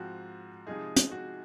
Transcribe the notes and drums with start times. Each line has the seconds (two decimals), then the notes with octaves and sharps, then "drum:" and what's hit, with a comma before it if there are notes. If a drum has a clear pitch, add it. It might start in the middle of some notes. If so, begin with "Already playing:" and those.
Already playing: G#2 F3 C4 F#4
0.67 C3 F3 G#3 D#4 G#4
0.96 drum: hi-hat
1.11 F#4